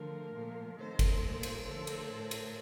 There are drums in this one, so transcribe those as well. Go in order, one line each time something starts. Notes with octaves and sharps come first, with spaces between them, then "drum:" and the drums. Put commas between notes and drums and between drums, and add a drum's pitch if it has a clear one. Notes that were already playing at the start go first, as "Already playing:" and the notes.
Already playing: D3 F3 A3 A#4
A#2 F3 A3
C3 D#3 A3 A4 C5
drum: kick G1, cymbal
A#2 G3
drum: cymbal
D3 F3 A3 A4 C5
drum: cymbal
A2 A3
drum: cymbal